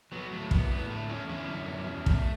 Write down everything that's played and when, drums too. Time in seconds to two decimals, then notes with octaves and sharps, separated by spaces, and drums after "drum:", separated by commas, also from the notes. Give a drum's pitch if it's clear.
0.12 F#3 B3
0.31 A2 A3
0.51 E3 B3, drum: kick
0.70 A2 B3
0.90 D3 A3
1.08 E2 A3 C#4
1.29 D3 C#4 E4
1.48 F#2
1.68 B2
1.87 E2
2.06 A3, drum: kick